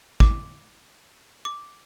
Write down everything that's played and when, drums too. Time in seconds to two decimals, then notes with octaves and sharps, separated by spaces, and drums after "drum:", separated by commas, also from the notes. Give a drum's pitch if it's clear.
0.20 D6, drum: kick
1.45 D6